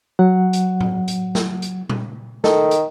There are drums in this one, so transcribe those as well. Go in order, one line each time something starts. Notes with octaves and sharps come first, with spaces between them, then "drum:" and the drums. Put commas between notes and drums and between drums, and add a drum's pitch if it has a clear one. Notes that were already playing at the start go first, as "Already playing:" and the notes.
F#3 F#5
drum: hi-hat
drum: tom A2
drum: hi-hat
drum: snare
drum: hi-hat
drum: tom A#2
D#3 A4, drum: snare
drum: hi-hat